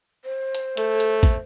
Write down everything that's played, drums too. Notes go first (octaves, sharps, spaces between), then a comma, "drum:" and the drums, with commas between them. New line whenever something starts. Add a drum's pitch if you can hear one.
C5
drum: hi-hat
A3 A4, drum: hi-hat
drum: hi-hat
drum: kick, hi-hat